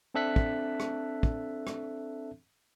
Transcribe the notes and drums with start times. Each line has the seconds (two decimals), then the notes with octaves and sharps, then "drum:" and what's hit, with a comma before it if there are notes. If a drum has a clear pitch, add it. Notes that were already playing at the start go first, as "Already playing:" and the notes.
0.14 C4 D4 A4 E5 F#6 B6
0.36 drum: kick
0.80 drum: rim click
1.23 drum: kick
1.67 drum: rim click